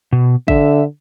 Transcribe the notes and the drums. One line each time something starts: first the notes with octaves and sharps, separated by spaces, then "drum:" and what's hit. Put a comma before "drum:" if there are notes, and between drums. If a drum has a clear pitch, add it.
B2
D3 E5, drum: kick